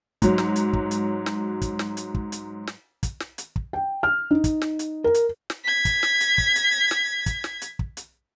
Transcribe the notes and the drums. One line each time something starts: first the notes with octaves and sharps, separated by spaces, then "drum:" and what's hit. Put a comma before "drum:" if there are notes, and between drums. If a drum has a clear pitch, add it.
G#2 F#3, drum: kick, hi-hat
drum: snare
drum: hi-hat
drum: kick
drum: hi-hat
drum: snare
drum: kick, hi-hat
drum: snare
drum: hi-hat
drum: kick
drum: hi-hat
drum: snare
drum: kick, hi-hat
drum: snare
drum: hi-hat
drum: kick
G5
F6
D#4
drum: kick, hi-hat
drum: snare
drum: hi-hat
A#4
drum: hi-hat
drum: snare
G#6 B6
drum: kick, hi-hat
drum: snare
drum: hi-hat
drum: kick
drum: hi-hat
drum: snare
drum: kick, hi-hat
drum: snare
drum: hi-hat
drum: kick
drum: hi-hat